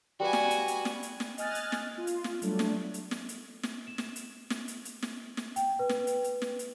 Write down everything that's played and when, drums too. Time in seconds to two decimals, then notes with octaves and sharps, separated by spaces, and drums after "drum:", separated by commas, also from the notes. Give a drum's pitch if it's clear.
0.20 G3 F#4 B4 F5 G#5
0.33 drum: snare
0.51 drum: hi-hat
0.68 drum: hi-hat
0.85 drum: snare
1.03 drum: hi-hat
1.20 drum: snare
1.38 D#5 G#5 F6 F#6 A6, drum: hi-hat
1.55 drum: hi-hat
1.72 drum: snare
1.98 F4
2.07 drum: hi-hat
2.24 drum: snare
2.42 F#3 G3 A3 D4, drum: hi-hat
2.59 drum: snare
2.94 drum: hi-hat
3.11 drum: snare
3.29 drum: hi-hat
3.63 drum: snare
3.87 E7
3.98 drum: snare
4.16 drum: hi-hat
4.50 drum: snare
4.68 drum: hi-hat
4.85 drum: hi-hat
5.03 drum: snare
5.37 drum: snare
5.56 G5, drum: hi-hat
5.79 B4
5.90 drum: snare
6.07 drum: hi-hat
6.24 drum: hi-hat
6.42 drum: snare
6.59 drum: hi-hat